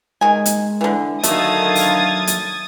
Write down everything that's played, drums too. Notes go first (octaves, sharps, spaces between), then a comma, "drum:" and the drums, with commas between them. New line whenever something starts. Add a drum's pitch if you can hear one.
D#3 G#3 G#5
drum: hi-hat
D3 E3
D3 D#3 F#3 A3 F5 D#6 G#6 A6, drum: hi-hat
drum: open hi-hat
drum: hi-hat